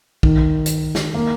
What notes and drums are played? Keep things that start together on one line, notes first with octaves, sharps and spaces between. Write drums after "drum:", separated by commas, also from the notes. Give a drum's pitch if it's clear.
D#3, drum: kick
drum: hi-hat
drum: snare
A#3